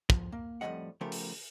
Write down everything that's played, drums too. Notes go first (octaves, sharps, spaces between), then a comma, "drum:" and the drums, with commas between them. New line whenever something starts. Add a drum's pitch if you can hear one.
F3, drum: kick
A#3
F2 A2 G3 G#3 D#5 F#5
C#3 F3 A3 B3 G4 A#4
drum: open hi-hat